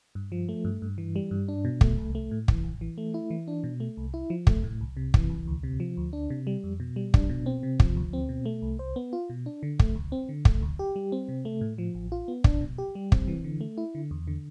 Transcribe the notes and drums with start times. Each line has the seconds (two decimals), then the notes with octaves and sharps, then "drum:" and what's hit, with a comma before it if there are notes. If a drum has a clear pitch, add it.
0.15 G2
0.32 F3
0.49 A3
0.65 G2
0.82 G2
0.98 E3
1.16 G3
1.31 G2
1.48 D4
1.65 B2
1.81 A3, drum: kick
1.98 C2
2.15 A3
2.31 A2
2.48 E3, drum: kick
2.64 A1
2.81 E3
2.98 A3
3.14 E4
3.30 E3
3.48 D4
3.64 B2
3.80 A3
3.97 C2
4.14 E4
4.30 F3
4.47 A3, drum: kick
4.64 A2
4.81 C2
4.97 C3
5.14 E3, drum: kick
5.30 C2
5.47 D2
5.63 C3
5.80 F3
5.97 D2
6.13 D4
6.30 C3
6.47 G3
6.64 F2
6.80 B2
6.96 G3
7.14 D4, drum: kick
7.29 B2
7.46 C4
7.63 C3
7.80 F3, drum: kick
7.97 D2
8.13 C4
8.29 B2
8.46 A3
8.62 C2
8.79 C5
8.96 B3
9.13 F4
9.30 B2
9.46 D4
9.63 D3
9.79 A3, drum: kick
9.95 D2
10.12 C4
10.29 D3
10.45 A3, drum: kick
10.62 D2
10.79 G4
10.96 G3
11.12 C4
11.28 C3
11.45 A3
11.61 A2
11.78 F3
11.95 A1
12.12 F4
12.28 B3
12.44 D4, drum: kick
12.61 B2
12.78 G4
12.95 G3
13.12 C4, drum: kick
13.28 E3
13.44 D3
13.61 A3
13.78 E4
13.95 D3
14.11 E2
14.27 D3